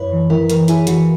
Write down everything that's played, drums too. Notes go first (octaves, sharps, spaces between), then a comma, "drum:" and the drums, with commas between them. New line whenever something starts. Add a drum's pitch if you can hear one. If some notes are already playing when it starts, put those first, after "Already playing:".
Already playing: F#2 E4 B4 C#5
E3
E4 A#4, drum: tom D#3
E3 A#4, drum: hi-hat
E4 G#4, drum: hi-hat
E3 F#4, drum: hi-hat